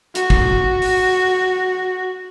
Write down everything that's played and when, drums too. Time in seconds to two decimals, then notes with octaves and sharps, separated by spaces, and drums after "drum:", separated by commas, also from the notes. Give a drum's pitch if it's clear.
0.15 F#4, drum: hi-hat
0.30 drum: kick
0.82 drum: open hi-hat